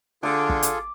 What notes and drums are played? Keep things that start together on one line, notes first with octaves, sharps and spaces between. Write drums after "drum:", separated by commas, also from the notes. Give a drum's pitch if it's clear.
D3 F4 G#4 A4 D6
drum: kick
drum: hi-hat